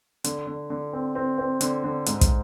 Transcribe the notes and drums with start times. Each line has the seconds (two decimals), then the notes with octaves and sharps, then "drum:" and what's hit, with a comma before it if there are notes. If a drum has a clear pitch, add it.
0.24 D3, drum: hi-hat
0.47 D3
0.70 D3
0.93 C4
1.15 C4
1.38 C4
1.61 D3, drum: hi-hat
1.84 D3
2.06 G#2, drum: hi-hat
2.21 drum: kick, hi-hat